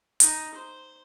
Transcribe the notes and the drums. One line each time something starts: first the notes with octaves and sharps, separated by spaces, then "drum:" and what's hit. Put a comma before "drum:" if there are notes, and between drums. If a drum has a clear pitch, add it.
D#4, drum: hi-hat
C5